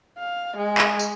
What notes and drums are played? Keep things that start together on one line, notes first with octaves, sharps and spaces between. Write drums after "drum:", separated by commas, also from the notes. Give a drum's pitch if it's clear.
F5
G#3
drum: clap
drum: tambourine